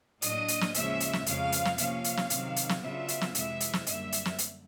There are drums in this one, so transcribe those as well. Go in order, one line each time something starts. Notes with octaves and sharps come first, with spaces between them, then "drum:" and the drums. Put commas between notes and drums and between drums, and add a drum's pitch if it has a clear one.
A2 F#3 A#3 D4 D#5, drum: hi-hat
drum: hi-hat
drum: snare
D#2 C#3 F3 G#3 C#4 E5, drum: hi-hat
drum: hi-hat
drum: snare
F2 C#3 F3 G#3 C#4 F5, drum: hi-hat
drum: hi-hat
drum: snare
C3 F3 A#3 C#4 F5, drum: hi-hat
drum: hi-hat
drum: snare
C3 D#3 F#3, drum: hi-hat
drum: hi-hat
drum: snare
C#3 F#3 B3 D4 F4 E5
drum: hi-hat
drum: snare
F2 C3 E3 G#3 E5, drum: hi-hat
drum: hi-hat
drum: snare
F#2 D3 G3 A#3 E5, drum: hi-hat
drum: hi-hat
drum: snare
drum: hi-hat